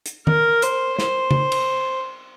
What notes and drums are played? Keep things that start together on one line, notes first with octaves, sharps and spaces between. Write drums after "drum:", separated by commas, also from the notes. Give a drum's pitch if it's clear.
drum: hi-hat
A#4, drum: tom D#3
C5, drum: hi-hat
C5, drum: snare
drum: tom C#3
drum: cymbal